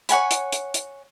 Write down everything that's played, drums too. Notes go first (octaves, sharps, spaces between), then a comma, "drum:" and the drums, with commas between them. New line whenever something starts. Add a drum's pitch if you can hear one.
C#5 F#5 G#5 B5, drum: hi-hat
drum: hi-hat
drum: hi-hat
drum: hi-hat